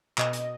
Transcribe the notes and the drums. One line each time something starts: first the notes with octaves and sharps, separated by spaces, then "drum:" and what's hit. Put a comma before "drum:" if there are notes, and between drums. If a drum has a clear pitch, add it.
B2 D#5, drum: clap
drum: hi-hat